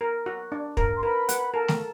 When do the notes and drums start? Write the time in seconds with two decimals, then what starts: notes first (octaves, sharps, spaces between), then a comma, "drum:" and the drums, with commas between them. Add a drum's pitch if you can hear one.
0.01 A#4
0.26 F#4
0.52 D4
0.77 A#4, drum: kick
0.96 C6
1.03 A#4 B4 B5
1.29 F#5, drum: hi-hat
1.54 A4 A#4 A5
1.68 drum: snare A3